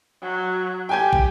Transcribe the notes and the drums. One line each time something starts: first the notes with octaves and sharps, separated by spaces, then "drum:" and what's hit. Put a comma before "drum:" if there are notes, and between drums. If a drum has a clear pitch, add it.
F#3
G4 G5 G#5 G6
drum: kick